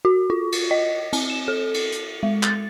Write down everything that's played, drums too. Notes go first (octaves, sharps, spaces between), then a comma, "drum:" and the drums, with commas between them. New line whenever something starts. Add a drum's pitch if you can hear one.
F#4
F4
drum: cymbal
D#5
C4, drum: cymbal
E7
A4
drum: cymbal
drum: hi-hat
G#3
A6, drum: clap